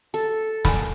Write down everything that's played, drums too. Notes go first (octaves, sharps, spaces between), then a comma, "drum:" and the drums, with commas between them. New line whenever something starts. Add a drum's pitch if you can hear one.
A4
G#5 B5, drum: snare